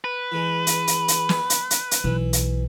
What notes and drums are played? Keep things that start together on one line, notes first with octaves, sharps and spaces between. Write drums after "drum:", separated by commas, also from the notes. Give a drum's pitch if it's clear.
B4
E3 G#3
drum: hi-hat
drum: hi-hat
drum: hi-hat
drum: snare
drum: hi-hat
drum: hi-hat
drum: hi-hat
B1 E3
drum: hi-hat